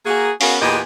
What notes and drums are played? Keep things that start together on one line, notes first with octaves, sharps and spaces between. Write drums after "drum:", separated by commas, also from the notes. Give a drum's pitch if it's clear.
A#3 F#4 G#4
B3 C#4 F#4 G#4 A#4 F5, drum: open hi-hat
E2 A#2 B3 G4 G#4 D#5